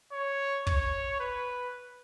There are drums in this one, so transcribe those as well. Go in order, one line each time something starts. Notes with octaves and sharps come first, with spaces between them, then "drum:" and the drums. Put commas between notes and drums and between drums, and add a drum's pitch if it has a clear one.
C#5
C#5, drum: kick
B4